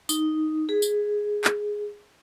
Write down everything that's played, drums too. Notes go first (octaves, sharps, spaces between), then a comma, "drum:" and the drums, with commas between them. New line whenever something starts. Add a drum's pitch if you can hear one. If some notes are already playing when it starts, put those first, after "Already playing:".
D#4, drum: tambourine
G#4
drum: tambourine
drum: clap